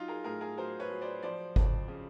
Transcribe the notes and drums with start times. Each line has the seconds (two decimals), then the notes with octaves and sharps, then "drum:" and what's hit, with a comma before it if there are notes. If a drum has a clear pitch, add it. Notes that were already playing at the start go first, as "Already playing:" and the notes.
Already playing: F#3 D#4 F4
0.08 G#4 A#4
0.24 A2 G#4 A#4
0.41 G#4 A#4
0.57 F#3 A#4 C5
0.79 B4 C#5
0.90 F#3
1.01 C5 D5
1.23 F3 C5 D5
1.56 F2, drum: kick G1
1.88 C#3